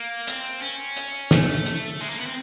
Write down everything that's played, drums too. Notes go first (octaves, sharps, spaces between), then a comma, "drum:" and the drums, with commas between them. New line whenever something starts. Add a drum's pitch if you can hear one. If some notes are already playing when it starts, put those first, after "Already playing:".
Already playing: A#3
C4, drum: hi-hat
C#4
drum: hi-hat
A3, drum: snare
drum: hi-hat
G#3
A#3
B3
C4